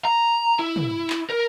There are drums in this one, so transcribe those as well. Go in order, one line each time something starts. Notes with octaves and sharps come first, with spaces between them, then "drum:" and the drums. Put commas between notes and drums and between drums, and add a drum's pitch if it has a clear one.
A#5
E4
drum: tom
drum: clap
A#4